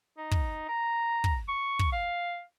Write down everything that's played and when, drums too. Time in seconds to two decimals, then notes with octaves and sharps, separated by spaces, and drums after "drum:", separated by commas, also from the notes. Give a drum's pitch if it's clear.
0.17 D#4
0.31 drum: kick
0.68 A#5
1.24 drum: kick
1.48 C#6
1.79 drum: kick
1.92 F5